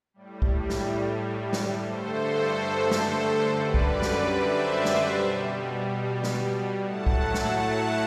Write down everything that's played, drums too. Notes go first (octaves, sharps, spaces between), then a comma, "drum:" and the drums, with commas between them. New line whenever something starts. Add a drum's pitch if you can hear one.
A2 G3
drum: kick B1
drum: snare
drum: snare
G2 D3 A3 A4 C5
drum: snare
F#2 D3 G3 B4 D5
drum: kick B1
drum: snare
C5 E5
drum: snare
B2 G3
drum: snare
A2 F#3 A3 F#5 A5
drum: kick B1
drum: snare
F#5 A5